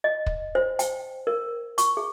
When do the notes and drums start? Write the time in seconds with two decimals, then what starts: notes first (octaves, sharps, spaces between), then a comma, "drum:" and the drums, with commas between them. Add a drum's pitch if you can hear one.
0.04 D#5
0.26 drum: kick
0.55 C5
0.79 G5, drum: hi-hat
1.27 A#4
1.78 C#6, drum: hi-hat
1.97 G#4